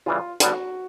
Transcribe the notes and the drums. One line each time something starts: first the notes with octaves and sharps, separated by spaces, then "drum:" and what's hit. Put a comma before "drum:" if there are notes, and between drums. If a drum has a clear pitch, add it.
C#3 E3 G3 F4
D3 G3 B3 F#4, drum: hi-hat